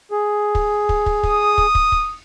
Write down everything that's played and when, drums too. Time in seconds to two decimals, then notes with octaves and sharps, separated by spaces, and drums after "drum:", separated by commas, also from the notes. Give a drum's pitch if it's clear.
0.11 G#4
0.55 drum: kick
0.89 drum: kick
1.06 drum: kick
1.23 D#6, drum: kick
1.58 drum: kick
1.75 drum: kick
1.92 drum: kick